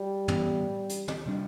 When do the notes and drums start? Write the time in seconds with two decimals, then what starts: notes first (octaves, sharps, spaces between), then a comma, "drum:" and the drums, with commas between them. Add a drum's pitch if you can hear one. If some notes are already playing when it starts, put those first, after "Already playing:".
Already playing: G3
0.28 A2 E3 B3, drum: tom
0.89 drum: hi-hat
1.08 drum: tom
1.26 C3 G3 D4